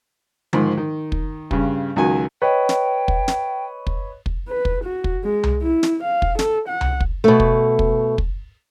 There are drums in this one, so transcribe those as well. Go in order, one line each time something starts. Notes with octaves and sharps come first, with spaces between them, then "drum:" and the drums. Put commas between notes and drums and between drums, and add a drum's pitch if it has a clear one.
G#2 D#3 F3, drum: tom D3
D#3
drum: kick
G2 C#3, drum: kick
C#2 D#3 F#3 F#4 G#5
B4 C#5 D#5 G5
drum: snare
drum: kick
drum: snare
drum: kick
drum: kick
B4
drum: kick
F#4
drum: kick
G#3
drum: tom C2
E4
drum: snare
F5
drum: kick
A4, drum: snare
F#5
drum: tom C2
drum: kick
B2 A3
drum: kick
drum: kick
drum: kick